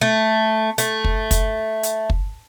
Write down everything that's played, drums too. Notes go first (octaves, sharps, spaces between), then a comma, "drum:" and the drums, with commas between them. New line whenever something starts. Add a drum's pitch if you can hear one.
A3
A3, drum: hi-hat
drum: kick
drum: kick, hi-hat
drum: hi-hat
drum: kick